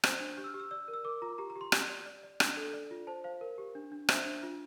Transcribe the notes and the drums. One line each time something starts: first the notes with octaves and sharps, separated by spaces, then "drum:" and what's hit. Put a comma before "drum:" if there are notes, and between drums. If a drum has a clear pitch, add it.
C5 G6, drum: rim click
D4
G4 G6
E6
F6
G4
E6
D5 E6
A#4
E6
A#4 D6
F4 A#5
G4 A#5
A#5
G4
C6
G4, drum: rim click
D5
D5
D5
D4, drum: rim click
A4
D5
F4
C5 A5
C5 F5
A#4
G4
D4
D4
C5 E5, drum: rim click
D4
F4